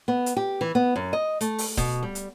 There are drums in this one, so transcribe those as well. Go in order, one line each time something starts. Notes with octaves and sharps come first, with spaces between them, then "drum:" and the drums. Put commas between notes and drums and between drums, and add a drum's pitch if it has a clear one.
B3
drum: hi-hat
G4
E3
B3
F#2
D#5
A3, drum: hi-hat
drum: open hi-hat
B2, drum: kick C#1, hi-hat
G3
drum: hi-hat